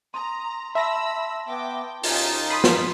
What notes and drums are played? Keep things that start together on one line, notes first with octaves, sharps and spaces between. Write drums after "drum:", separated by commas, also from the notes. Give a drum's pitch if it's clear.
A#5 C6 D#6
E5 A5 B5 C6 E6 A#6
B3 G5 D6
F#2 D#4 F4 G4 G#5, drum: open hi-hat
B5 C6 D#6 B6 C7
drum: snare